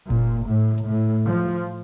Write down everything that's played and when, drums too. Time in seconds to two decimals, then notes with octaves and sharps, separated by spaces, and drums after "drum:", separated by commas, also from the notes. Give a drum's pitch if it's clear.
0.10 A#2, drum: kick F#1
0.49 A2
0.78 drum: hi-hat
0.88 A2
1.27 F3